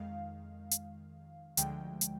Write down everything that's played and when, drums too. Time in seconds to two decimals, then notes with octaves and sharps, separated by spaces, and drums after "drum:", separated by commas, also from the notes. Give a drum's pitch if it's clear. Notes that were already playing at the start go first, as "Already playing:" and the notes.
Already playing: F2 D#3 G#3 F5
0.71 drum: hi-hat
1.57 D2 D3 F3 G#3 G5, drum: hi-hat
2.01 drum: hi-hat